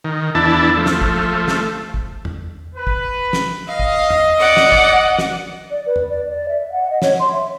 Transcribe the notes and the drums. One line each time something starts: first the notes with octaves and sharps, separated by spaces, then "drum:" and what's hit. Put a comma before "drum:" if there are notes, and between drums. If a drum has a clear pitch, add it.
D#3
E2 D4 E4 A5
F3 A3
drum: snare
drum: kick
drum: snare
drum: kick
drum: tom E2
B4
drum: kick
drum: snare
D#5 F5
drum: kick
drum: tom E2
D5 F#5
drum: snare
drum: kick
drum: snare
D5
B4
drum: tom E2
D5
D5
E5
F#5
D#5
C#5, drum: snare
C6
E5